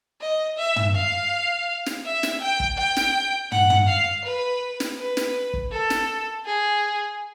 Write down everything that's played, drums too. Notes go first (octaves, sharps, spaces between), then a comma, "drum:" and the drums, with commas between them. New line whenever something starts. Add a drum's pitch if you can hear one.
D#5
E5
drum: tom
F5
drum: snare
E5
drum: snare
G5
drum: kick
G5
drum: snare
F#5, drum: tom
drum: tom
F5
B4
drum: snare
B4
drum: snare
drum: kick
A4
drum: snare
G#4